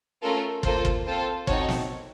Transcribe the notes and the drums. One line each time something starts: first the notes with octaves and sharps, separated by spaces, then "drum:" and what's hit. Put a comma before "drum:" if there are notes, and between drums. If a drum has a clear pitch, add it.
A3 C#4 F4 A4 A#4
A#3 F4 A4 C5, drum: kick
drum: kick
C4 F4 A4 C5
C4 D#4 F#4 A4 C#5, drum: kick
drum: snare